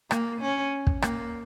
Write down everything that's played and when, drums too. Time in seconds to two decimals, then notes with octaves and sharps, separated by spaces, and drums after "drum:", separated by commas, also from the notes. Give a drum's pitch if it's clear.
0.11 A#3, drum: rim click
0.41 C#4
0.87 drum: kick
1.02 A#3, drum: rim click